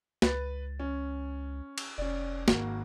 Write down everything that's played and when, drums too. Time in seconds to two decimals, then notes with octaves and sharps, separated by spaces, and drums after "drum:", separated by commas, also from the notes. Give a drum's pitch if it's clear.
0.22 C#2 B4 A6, drum: snare
0.80 C#4
1.78 drum: cymbal
1.98 F1 C#4 D5
2.48 G#1 A#3 F#4, drum: snare